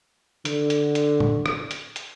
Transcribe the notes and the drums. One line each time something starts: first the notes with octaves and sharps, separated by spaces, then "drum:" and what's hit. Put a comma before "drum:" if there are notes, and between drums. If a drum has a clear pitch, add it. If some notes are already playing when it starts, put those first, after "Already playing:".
D3, drum: hi-hat
drum: hi-hat
drum: hi-hat
drum: tom A2
drum: rim click
drum: hi-hat
drum: hi-hat